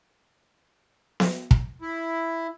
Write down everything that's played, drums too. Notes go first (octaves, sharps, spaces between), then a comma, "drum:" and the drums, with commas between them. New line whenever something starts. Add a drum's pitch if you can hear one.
drum: snare B3
drum: kick
E4